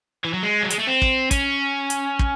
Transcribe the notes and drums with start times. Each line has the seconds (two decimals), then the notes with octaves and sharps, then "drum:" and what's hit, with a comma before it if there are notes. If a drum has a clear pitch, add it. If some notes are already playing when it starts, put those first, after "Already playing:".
0.24 E3
0.33 F#3
0.43 G#3
0.63 F#3
0.70 G#3, drum: hi-hat
0.79 A3
0.87 C4
1.02 drum: kick
1.31 C#4, drum: kick, hi-hat
1.90 drum: hi-hat
2.19 drum: kick